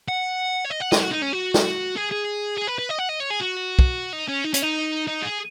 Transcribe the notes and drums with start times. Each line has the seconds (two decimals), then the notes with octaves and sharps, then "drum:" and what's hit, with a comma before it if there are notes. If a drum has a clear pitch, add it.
0.08 F#5
0.65 C#5
0.71 D#5
0.81 F#5
0.92 D#5, drum: snare
1.02 F#4
1.11 D#4
1.22 C#4
1.33 F#4
1.54 drum: snare
1.96 G#4
2.11 G#4
2.58 G#4
2.67 B4
2.78 B4
2.89 D#5
2.98 F#5
3.09 D#5
3.20 C#5
3.30 G#4
3.41 F#4
3.79 drum: kick
4.13 D#4
4.28 C#4
4.44 D#4
4.54 C#4, drum: hi-hat
4.63 D#4
5.07 D#4
5.22 G#4